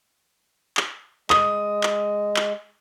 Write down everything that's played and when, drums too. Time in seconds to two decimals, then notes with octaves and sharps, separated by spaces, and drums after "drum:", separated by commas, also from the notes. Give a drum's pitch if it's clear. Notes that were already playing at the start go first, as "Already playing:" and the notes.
0.77 drum: clap
1.30 G#3 D#6, drum: clap
1.83 drum: clap
2.36 drum: clap